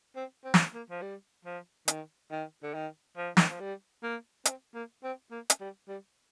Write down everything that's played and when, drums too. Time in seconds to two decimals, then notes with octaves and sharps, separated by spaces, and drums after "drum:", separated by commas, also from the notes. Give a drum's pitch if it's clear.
0.16 C4
0.44 C4
0.54 drum: snare
0.74 A#3
0.90 F3
1.02 G3
1.45 F3
1.88 D#3, drum: hi-hat
2.31 D#3
2.63 D3
2.74 D#3
3.17 F3
3.37 D#3, drum: snare
3.48 F3
3.60 G3
4.03 A#3
4.45 C4, drum: hi-hat
4.74 A#3
5.03 C4
5.31 A#3
5.50 drum: hi-hat
5.60 G3
5.88 G3